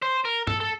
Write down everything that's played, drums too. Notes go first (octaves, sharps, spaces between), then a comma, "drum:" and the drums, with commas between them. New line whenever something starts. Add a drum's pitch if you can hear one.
C5
A#4
A4, drum: tom
A4